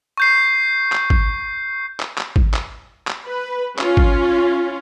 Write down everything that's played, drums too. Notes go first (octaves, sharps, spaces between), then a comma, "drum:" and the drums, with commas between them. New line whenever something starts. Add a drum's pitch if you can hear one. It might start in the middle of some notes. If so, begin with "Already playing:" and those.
C#6 G6 C7
drum: clap
drum: kick G#1
drum: clap
drum: clap
drum: kick G#1
drum: clap
drum: clap
B4
C#4 F4, drum: clap
drum: kick G#1